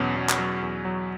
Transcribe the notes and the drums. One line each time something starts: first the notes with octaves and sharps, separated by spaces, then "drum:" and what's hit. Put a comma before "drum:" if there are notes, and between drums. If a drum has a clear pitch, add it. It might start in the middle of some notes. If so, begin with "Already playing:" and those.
Already playing: E2 B2 F#3 C#4
B2
drum: clap
F#3
E2
F#3